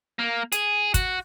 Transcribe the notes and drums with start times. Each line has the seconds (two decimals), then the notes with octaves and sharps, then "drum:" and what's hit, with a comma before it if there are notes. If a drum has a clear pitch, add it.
0.19 A#3
0.52 G#4, drum: hi-hat
0.94 F#4, drum: kick, hi-hat